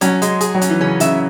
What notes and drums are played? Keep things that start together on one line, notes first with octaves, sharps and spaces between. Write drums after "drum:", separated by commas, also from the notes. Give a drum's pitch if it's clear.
F#3 C#4, drum: hi-hat
G#3, drum: hi-hat
G#4, drum: hi-hat
F#3
C#4, drum: hi-hat
E3
C#3 C#4
C#3 E5, drum: hi-hat